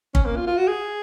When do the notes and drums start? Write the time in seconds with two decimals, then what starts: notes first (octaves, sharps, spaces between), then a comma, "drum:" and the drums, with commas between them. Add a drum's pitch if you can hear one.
0.15 C#4, drum: kick
0.26 A#3
0.37 F4
0.47 F4
0.57 F#4
0.68 G#4